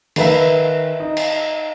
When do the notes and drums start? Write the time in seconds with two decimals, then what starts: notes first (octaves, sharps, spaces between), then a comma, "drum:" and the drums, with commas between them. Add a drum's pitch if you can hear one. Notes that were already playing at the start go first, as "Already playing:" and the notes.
0.16 D#3 B4 E5, drum: cymbal
1.00 D#4
1.17 drum: cymbal